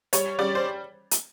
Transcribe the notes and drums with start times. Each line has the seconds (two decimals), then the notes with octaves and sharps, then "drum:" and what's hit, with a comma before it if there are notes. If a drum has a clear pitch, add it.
0.13 G3 C#5, drum: hi-hat
0.39 G3 D5
0.55 C5
1.11 drum: hi-hat